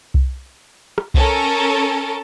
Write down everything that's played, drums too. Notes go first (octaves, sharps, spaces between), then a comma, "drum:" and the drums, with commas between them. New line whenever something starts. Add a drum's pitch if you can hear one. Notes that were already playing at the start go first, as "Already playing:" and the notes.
drum: kick C2
drum: rim click
C#4 A4 A#4, drum: kick C2